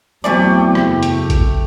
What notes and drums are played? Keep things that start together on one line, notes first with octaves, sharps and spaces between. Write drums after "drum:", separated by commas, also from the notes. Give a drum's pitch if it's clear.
E2 F#3 A3 C4 E4 G4 G#4 D5
F#1, drum: rim click
drum: hi-hat
drum: kick A1, hi-hat